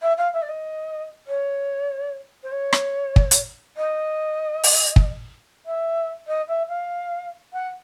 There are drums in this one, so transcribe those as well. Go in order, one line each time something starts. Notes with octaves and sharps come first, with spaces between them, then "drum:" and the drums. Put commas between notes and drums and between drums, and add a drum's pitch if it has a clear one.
E5
F5
E5
D5
D#5
C#5
C5
C#5
drum: rim click
drum: kick
drum: hi-hat
D#5
drum: open hi-hat
drum: kick
E5
D#5
E5
F5
F#5